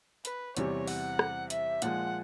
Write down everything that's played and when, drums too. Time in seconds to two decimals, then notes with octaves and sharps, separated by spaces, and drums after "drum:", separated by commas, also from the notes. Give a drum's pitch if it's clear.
0.25 B4, drum: hi-hat
0.57 E2 C3 E3 G3 C4 C#5, drum: hi-hat
0.88 F#5, drum: open hi-hat
1.19 drum: rim click
1.50 E5, drum: hi-hat
1.82 A#2 F3 G#3 F#5, drum: hi-hat